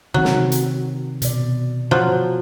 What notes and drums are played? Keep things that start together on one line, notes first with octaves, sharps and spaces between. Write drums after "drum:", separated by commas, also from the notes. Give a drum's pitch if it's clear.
C3 D#3 F#3 C4
drum: snare
drum: hi-hat
B2 D5, drum: hi-hat
F3 F#3